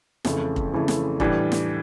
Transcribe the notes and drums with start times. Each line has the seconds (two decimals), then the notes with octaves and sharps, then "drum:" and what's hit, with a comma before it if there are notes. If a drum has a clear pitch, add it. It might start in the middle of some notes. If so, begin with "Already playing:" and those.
0.25 F2 C#3 E3 A3 E4, drum: snare
0.56 drum: kick
0.72 F2 C#3 E3 A3 E4
0.88 drum: snare
1.20 A2 E3 G3 D4, drum: kick
1.52 drum: snare